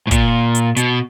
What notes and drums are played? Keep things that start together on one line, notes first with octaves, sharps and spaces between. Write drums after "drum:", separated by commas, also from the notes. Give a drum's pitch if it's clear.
A2
A#2, drum: kick, hi-hat
drum: hi-hat
B2, drum: hi-hat